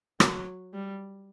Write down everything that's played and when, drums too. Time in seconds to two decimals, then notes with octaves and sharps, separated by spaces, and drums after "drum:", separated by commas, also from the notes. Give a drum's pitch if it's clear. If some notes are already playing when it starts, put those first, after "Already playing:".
0.20 F#3, drum: rim click
0.74 G3